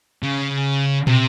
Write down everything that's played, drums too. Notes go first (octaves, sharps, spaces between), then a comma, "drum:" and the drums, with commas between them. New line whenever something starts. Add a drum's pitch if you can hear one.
C#3
C3, drum: tom